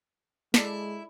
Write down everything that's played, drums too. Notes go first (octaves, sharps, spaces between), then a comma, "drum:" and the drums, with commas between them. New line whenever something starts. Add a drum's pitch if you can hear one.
G#3 E4 A4 D5, drum: snare